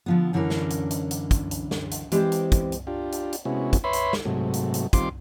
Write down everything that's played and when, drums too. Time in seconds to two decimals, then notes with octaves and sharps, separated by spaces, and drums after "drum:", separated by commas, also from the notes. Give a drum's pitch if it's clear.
0.06 D3 F3 B3
0.33 F#2 D3 E3 C#4 D4 A#4
0.50 drum: snare
0.70 drum: hi-hat
0.91 drum: hi-hat
1.11 drum: hi-hat
1.31 drum: kick, hi-hat
1.51 drum: hi-hat
1.71 drum: snare
1.91 drum: hi-hat
2.12 E3 G#3 C4 G4 C5 D5, drum: hi-hat
2.32 drum: hi-hat
2.52 drum: kick, hi-hat
2.72 drum: hi-hat
2.87 D4 F4 G4
3.12 drum: hi-hat
3.33 drum: hi-hat
3.45 C3 G#3 B3 C#4 E4 F#4
3.73 drum: kick, hi-hat
3.84 B4 C#5 E5 B5 C6
3.93 drum: hi-hat
4.13 drum: snare
4.25 G#2 C3 F#3 A3
4.54 drum: hi-hat
4.74 drum: hi-hat
4.93 D#3 G3 C4 F4 C6 D6, drum: kick, hi-hat